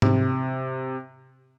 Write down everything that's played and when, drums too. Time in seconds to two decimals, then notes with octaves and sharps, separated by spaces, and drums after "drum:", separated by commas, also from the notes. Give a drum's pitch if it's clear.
0.02 C3, drum: tom G#2